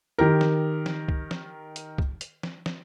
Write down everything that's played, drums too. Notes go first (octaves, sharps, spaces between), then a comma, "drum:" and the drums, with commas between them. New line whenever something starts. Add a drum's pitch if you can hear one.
D#3 G4 A#4
drum: snare
drum: snare
drum: kick C2
drum: snare
drum: hi-hat
drum: kick C2
drum: hi-hat
drum: snare
drum: snare